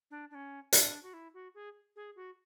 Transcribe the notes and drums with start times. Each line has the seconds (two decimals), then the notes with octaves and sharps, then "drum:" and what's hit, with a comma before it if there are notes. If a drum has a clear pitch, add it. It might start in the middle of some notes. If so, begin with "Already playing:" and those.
0.11 D4
0.31 D4
0.35 C#4
0.73 D4, drum: hi-hat
1.03 F#4
1.14 E4
1.34 F#4
1.55 G#4
1.96 G#4
2.16 F#4